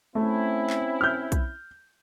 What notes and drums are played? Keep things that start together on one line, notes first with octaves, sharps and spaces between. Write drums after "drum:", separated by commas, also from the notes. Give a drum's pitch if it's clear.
A3 C4 C#4 E4
drum: clap
F6 G6
drum: kick B1, hi-hat